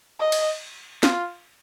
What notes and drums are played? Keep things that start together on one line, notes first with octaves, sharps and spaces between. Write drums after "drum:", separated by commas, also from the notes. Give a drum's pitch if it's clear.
D#5
drum: cymbal
F4, drum: snare